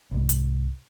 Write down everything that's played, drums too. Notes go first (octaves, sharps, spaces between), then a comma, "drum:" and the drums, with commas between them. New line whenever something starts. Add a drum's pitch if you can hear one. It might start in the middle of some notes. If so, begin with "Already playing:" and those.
C2 G#2
drum: hi-hat